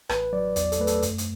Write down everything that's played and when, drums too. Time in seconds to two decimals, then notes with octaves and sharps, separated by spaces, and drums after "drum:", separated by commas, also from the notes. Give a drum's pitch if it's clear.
0.09 A1 B4, drum: rim click
0.33 F#3 D5
0.56 E2 D5, drum: hi-hat
0.72 A4, drum: hi-hat
0.79 A3 B4
0.87 A4, drum: hi-hat
1.02 F#2, drum: hi-hat
1.18 drum: hi-hat